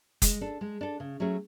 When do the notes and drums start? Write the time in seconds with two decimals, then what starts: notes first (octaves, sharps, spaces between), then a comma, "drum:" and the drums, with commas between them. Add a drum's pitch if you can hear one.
0.22 G#3, drum: kick, hi-hat
0.41 D4 A4
0.61 G#3
0.81 D4 A4
1.00 C#3
1.20 F#3 A3 C#4 G#4